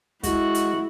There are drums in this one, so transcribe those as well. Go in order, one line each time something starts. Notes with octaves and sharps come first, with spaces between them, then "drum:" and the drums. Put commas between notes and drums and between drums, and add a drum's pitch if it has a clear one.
G#3 E4 F#4, drum: kick, hi-hat
drum: hi-hat